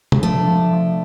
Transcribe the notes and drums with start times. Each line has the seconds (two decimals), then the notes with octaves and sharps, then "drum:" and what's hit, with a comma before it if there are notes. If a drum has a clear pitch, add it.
0.12 drum: tom C3
0.23 F3 A3 D4
0.47 F3
0.73 F3